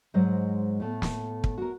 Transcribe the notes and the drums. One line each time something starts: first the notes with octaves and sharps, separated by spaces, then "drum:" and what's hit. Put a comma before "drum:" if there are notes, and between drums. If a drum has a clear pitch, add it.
G#2 F#3 G#3 C5 D#5
A2 A3 B3
drum: snare
drum: kick
F#4 A#4